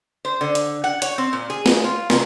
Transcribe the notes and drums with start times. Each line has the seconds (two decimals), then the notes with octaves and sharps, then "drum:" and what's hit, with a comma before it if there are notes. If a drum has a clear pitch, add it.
0.25 C5
0.41 D3
0.55 drum: hi-hat
0.84 F#5
1.02 C#5, drum: hi-hat
1.18 C4
1.33 A#2
1.50 G#4
1.66 drum: snare
1.84 F4
2.10 C3, drum: snare